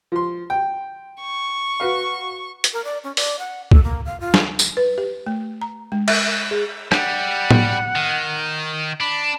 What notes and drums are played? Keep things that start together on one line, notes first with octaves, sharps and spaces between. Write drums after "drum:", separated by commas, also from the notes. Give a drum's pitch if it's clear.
F3 C6
G5
C#6
F#4 B4 F5
drum: hi-hat
A#4
D5
C#4
D5, drum: open hi-hat
F#5
A4, drum: kick
A#3
F5
F4
drum: snare
drum: tambourine
B4
G4
A3
A#5
G#3
E5, drum: cymbal
G#4
G3 F#5, drum: rim click
drum: tom A2
D#3
D4 B5